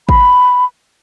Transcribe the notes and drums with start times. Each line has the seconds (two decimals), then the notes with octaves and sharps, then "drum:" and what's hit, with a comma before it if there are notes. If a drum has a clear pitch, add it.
0.09 B5, drum: kick G#1